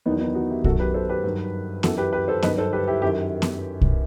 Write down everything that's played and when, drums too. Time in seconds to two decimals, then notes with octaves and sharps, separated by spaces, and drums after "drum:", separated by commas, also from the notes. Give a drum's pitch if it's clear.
0.06 E2 D#3 F#3 B3 D#4
0.20 B3 D#4
0.35 D#4 F#4
0.50 E4 G4
0.64 F#2 D#3 F#3 F#4 A4, drum: kick
0.80 G4 B4
0.94 A4 C5
1.09 G4 B4
1.24 G2 D#3 F#3
1.83 F#2 E3 F#4 A4, drum: snare B3
1.98 G4 B4
2.13 G4 B4
2.28 A4 C5
2.42 G2 D#3 F#3 B4 D#5, drum: snare B3
2.58 A4 C5
2.73 G4 B4
2.87 E4 G4
3.02 F#2 D#3 F#3 E4 G4
3.42 drum: snare B3
3.81 drum: kick